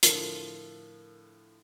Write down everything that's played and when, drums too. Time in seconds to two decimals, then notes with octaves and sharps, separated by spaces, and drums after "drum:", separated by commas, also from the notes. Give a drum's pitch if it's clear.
0.03 A2 D3 F3 A#4, drum: hi-hat